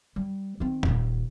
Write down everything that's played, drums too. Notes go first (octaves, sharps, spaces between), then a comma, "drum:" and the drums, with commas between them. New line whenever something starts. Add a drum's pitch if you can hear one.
G3
D#3 C4
D#1 D#2, drum: tom F2